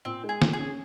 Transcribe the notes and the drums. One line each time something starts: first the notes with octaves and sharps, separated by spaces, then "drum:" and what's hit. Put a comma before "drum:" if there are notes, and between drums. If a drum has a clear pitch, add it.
A#2 C4
G#3
G#4
F4, drum: snare
G#4
C#4